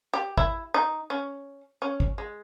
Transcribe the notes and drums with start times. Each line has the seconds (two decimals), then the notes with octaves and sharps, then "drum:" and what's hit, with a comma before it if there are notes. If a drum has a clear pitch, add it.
0.14 G4
0.37 E4, drum: kick
0.74 D#4
1.10 C#4
1.82 C#4
2.00 drum: kick
2.18 G#3